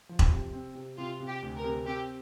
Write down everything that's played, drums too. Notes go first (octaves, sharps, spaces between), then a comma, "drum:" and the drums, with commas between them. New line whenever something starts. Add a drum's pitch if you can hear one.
F3
drum: kick E1
C3
C4
C3
C3 F4
C3
G4
D2
A#4
C3
C4 G4